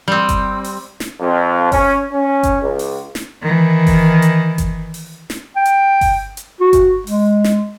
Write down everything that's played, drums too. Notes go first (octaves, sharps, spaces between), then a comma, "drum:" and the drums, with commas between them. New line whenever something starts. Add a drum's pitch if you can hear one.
G3 C4
drum: kick G1, hi-hat
drum: open hi-hat
drum: snare
F2
C#4, drum: kick G1, open hi-hat
C#4
drum: kick G1, hi-hat
C#2
drum: open hi-hat
drum: snare
D#3 E3
drum: kick G1, open hi-hat
drum: hi-hat
drum: kick G1, hi-hat
drum: open hi-hat
drum: snare
G5
drum: hi-hat
drum: kick G1, open hi-hat
drum: hi-hat
F#4
drum: kick G1, hi-hat
G#3, drum: open hi-hat
drum: snare